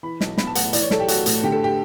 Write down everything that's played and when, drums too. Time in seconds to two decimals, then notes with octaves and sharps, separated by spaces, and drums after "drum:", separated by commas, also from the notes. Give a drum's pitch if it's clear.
0.03 E3 B5
0.21 B1, drum: snare
0.38 B3 B5, drum: snare
0.47 A5
0.55 A2 F#5, drum: hi-hat
0.73 E3 D5, drum: hi-hat
0.82 C#5
0.91 B1 A4, drum: snare
1.00 G4
1.08 A3 F#4, drum: hi-hat
1.26 A2, drum: hi-hat
1.43 D3 G4
1.52 A4
1.64 G4